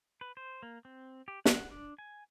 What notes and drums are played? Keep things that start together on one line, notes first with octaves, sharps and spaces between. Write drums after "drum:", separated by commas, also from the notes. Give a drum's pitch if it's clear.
B4
C5
A#3
C4
G4
F#5, drum: snare
D4
G#5